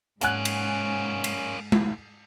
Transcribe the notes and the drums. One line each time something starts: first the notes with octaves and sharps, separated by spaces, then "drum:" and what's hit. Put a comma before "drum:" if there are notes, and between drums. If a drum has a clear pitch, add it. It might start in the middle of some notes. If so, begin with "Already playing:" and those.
G#2 A#3 C#4 G#4 F#5 G#5 F#6, drum: hi-hat
drum: cymbal
drum: cymbal
drum: tom G#3